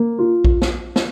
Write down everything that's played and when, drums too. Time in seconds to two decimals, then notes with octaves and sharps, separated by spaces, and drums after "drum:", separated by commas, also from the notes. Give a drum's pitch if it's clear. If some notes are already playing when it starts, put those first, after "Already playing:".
Already playing: A#3
0.19 F4
0.45 drum: kick A#1
0.62 drum: snare
0.96 drum: snare